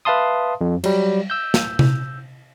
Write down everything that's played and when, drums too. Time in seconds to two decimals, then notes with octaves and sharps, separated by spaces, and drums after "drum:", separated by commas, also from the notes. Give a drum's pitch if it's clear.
0.05 B4 E5 F5 A5 C6 D#6
0.61 F2
0.84 F#3 G3, drum: cymbal
1.30 E6 G6
1.54 drum: snare
1.79 drum: tom C3